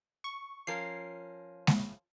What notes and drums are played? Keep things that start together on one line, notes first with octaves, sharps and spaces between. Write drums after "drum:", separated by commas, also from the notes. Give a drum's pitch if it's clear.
C#6
F3 C#4 A#4 C7
drum: snare G#3